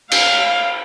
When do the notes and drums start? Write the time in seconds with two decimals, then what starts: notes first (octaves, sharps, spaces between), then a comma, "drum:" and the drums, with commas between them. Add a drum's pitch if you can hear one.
0.12 F5, drum: cymbal